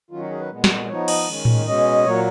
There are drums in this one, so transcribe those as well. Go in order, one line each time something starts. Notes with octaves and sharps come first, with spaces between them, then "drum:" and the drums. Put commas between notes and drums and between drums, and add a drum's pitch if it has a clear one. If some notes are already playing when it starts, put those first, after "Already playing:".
D#3 F#3 C#4 F4
F#4
G#4
B4
A#2 G#3 B3
drum: snare
F3 B3 D#4 C#5
D#5, drum: cymbal
D#3 G#3 C#4
drum: tom A2
B2 G#3 C#4 D#5
A#2 F#3 A#3 C#5